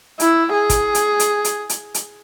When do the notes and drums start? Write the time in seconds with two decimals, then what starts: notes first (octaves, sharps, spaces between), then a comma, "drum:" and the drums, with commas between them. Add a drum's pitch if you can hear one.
0.20 E4, drum: hi-hat
0.53 G#4
0.70 drum: kick, hi-hat
0.95 drum: hi-hat
1.20 drum: hi-hat
1.45 drum: hi-hat
1.69 drum: hi-hat
1.94 drum: hi-hat